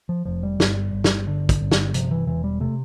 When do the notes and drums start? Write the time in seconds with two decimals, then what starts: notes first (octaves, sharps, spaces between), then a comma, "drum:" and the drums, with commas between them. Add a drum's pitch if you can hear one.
0.09 F3
0.25 F1 F3
0.43 G3
0.60 G1, drum: snare
0.93 G1
1.04 drum: snare
1.27 D3
1.49 drum: kick, hi-hat
1.61 G1
1.72 drum: snare
1.94 C3 F3, drum: hi-hat
2.11 E3
2.27 E1 E3
2.44 G3
2.60 C3 A3